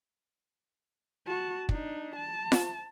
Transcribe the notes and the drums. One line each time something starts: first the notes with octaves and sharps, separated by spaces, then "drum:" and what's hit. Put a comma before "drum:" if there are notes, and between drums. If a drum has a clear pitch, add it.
F#4 A5
D4 D#4, drum: kick
A5
drum: snare F4